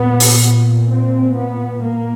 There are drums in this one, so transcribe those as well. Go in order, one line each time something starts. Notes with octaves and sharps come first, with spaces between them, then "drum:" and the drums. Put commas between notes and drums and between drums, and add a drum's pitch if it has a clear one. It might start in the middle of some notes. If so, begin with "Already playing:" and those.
Already playing: A#2 B3
drum: open hi-hat
C4
B3
A#3